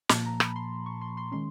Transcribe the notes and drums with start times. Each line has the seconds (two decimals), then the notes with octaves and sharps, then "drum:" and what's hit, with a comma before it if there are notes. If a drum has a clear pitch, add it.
0.09 A#2 F3 A#3 A5, drum: snare
0.26 A#5
0.40 B5, drum: rim click
0.56 C6
0.86 C#6
1.01 C6
1.17 C6
1.32 D#3 G#3 C#4 C6